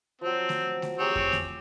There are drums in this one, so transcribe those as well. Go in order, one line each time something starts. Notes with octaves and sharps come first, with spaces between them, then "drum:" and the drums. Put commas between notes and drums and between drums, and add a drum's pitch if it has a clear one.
F3 F#3 C4
drum: snare A3
drum: snare A3
C4 G4 G#4 C#5 A#5
drum: kick F2
drum: snare A3